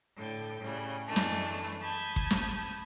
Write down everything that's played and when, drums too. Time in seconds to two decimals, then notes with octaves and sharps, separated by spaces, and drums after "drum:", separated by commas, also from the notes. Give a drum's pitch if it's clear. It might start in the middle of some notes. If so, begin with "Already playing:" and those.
0.16 A2 D3 G5
0.61 A2 C#3 G3
1.06 F#2 E3 G#3 A3 D4
1.16 drum: snare
1.82 A5 B5 D#6 G6 G#6
2.16 drum: kick
2.31 drum: snare